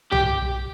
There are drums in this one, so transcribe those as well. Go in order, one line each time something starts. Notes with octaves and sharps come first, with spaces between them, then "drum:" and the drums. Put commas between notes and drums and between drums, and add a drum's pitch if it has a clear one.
G4, drum: tom